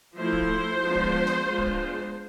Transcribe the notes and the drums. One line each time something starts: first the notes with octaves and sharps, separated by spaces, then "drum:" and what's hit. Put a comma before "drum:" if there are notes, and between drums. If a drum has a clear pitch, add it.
F3 A3 E4 C5
drum: kick D1
F3 G#3 B3 D4
drum: kick D1
drum: snare
G#3 B3 D4 F4
drum: kick D1